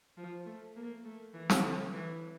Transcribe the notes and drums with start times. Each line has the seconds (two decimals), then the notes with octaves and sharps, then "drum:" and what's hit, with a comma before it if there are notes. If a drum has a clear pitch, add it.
0.17 F3
0.46 A3
0.76 A#3
1.05 A3
1.34 E3
1.50 drum: snare
1.63 D3
1.93 E3